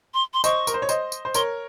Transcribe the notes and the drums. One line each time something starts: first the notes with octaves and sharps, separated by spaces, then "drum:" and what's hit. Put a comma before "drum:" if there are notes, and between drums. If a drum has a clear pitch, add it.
C6
C6
C5 D#5 C#6, drum: tambourine
A#4, drum: tambourine
C5
C#5
C5 D#5, drum: tambourine
drum: tambourine
C5
A#4 C#5 C6, drum: tambourine